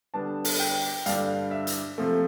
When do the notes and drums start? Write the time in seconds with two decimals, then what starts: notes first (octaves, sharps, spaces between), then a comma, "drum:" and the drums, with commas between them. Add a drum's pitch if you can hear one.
0.14 D3 G3 B3 D4 A5
0.45 drum: open hi-hat
0.60 G5
1.06 G2 D3 G3 D4 F5, drum: hi-hat
1.51 E5
1.67 drum: hi-hat
1.98 C3 F3 A3